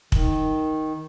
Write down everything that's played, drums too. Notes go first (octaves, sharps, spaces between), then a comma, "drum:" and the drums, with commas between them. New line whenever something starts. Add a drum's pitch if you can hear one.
D#3, drum: kick